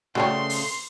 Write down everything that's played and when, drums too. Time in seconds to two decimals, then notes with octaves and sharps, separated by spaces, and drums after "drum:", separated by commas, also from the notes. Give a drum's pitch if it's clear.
0.15 C#3 F#3 G3 A3 C#5 C6
0.50 drum: open hi-hat